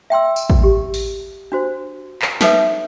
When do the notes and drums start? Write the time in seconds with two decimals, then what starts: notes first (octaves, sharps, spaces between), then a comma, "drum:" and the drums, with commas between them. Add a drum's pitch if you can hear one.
0.10 E5 G5 C6 E6
0.36 drum: tambourine
0.50 drum: kick A1
0.64 G4
0.94 drum: open hi-hat
1.52 D4 F#4 C5
2.22 drum: clap
2.41 D#4 A4 B4 C#5 E5 D#6, drum: snare